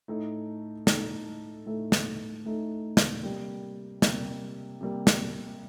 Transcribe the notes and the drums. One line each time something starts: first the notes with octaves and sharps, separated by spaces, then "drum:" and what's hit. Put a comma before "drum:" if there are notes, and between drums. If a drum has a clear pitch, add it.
A2 A3 D#4 A4
A2 A3 D#4 A4, drum: snare
A2 A3 D#4 A4
drum: snare
A2 A3 D#4 A4
drum: snare
C3 G3 A#3
C3 G3 A#3, drum: snare
C3 G3 A#3
drum: snare